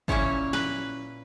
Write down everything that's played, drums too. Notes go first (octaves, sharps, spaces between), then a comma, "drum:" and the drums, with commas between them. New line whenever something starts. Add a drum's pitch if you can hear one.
A#2 A#3 C#4 E4 C#5, drum: kick
B4, drum: snare